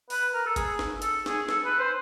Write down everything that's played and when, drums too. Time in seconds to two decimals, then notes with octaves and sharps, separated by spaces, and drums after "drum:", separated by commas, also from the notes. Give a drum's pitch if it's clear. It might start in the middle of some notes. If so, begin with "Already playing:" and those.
0.10 B4, drum: open hi-hat
0.33 A#4
0.46 A4
0.56 G#4, drum: kick G1, hi-hat
0.79 drum: snare
1.02 A4, drum: hi-hat
1.26 G#4, drum: snare
1.49 A4, drum: snare
1.65 B4
1.79 C5